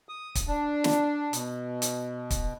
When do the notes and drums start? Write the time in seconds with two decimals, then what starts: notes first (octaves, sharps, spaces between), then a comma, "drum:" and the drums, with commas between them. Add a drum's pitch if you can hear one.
0.09 D#6
0.35 drum: kick, hi-hat
0.47 D4
0.84 drum: snare
1.33 B2, drum: hi-hat
1.82 drum: hi-hat
2.31 drum: kick, hi-hat